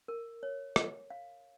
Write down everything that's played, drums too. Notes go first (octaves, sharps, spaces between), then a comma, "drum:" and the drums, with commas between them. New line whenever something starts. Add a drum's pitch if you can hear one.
A#4
C#5
drum: rim click
F5